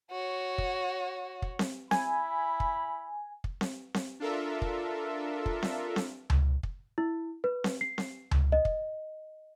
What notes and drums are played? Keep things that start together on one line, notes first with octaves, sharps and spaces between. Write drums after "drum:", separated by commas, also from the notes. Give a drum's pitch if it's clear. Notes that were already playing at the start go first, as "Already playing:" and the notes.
F#4 C#5
drum: kick
drum: kick
drum: snare C4
E4 G#5 B5, drum: snare C4
drum: kick
drum: kick
drum: snare C4
drum: snare C4
D4 F4 A4 A#4 E5
drum: kick
drum: kick
drum: snare C4
drum: snare C4
drum: tom C#2
drum: kick
E4
B4
drum: snare C4
C7
drum: snare C4
drum: tom C#2
D#5
drum: kick